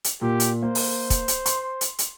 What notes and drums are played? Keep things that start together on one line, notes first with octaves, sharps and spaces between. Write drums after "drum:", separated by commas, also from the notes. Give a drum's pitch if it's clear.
drum: hi-hat
A#2 G4
drum: hi-hat
A#3 C5
drum: open hi-hat
drum: kick, hi-hat
drum: hi-hat
C6, drum: hi-hat
drum: hi-hat
drum: hi-hat